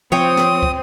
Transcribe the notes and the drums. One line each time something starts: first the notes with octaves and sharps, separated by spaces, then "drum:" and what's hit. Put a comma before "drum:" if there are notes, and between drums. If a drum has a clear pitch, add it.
F3 C4 C#5 G5 D#6
drum: snare
drum: kick